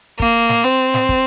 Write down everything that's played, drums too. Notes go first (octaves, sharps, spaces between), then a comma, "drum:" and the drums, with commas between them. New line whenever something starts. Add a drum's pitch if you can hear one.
A#3, drum: kick
drum: snare
C4
drum: snare
drum: kick